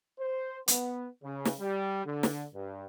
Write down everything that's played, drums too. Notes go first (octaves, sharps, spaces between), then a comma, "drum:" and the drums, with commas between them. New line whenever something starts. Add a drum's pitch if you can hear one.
C5
B3, drum: hi-hat
C#3
drum: snare
G3
D3
drum: snare
G2